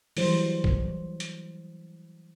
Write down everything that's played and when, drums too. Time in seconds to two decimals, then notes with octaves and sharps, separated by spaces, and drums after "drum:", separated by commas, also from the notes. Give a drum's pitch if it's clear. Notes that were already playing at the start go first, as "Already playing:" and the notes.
0.17 E3 F#3 G3 C5, drum: open hi-hat
0.64 drum: kick
1.20 drum: hi-hat